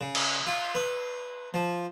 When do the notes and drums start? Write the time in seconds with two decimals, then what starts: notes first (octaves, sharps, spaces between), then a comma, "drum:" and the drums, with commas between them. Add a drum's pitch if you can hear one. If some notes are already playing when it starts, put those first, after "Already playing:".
0.01 C#3
0.15 drum: cymbal
0.47 F4
0.75 B4
1.54 F3